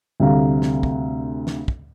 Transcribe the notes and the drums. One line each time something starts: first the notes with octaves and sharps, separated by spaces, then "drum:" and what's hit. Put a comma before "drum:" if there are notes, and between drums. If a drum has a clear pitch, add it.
D2 C3 G3 A3 F5 A#5
drum: snare
drum: kick
drum: snare
drum: kick